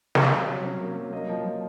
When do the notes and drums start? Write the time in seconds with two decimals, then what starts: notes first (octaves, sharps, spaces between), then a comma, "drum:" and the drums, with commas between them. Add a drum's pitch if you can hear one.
0.15 C3 F5, drum: snare
0.31 F#3
0.47 F#3
0.63 C#4
0.80 A#3
0.97 F#3
1.12 A#3 D#5
1.29 F3
1.45 F3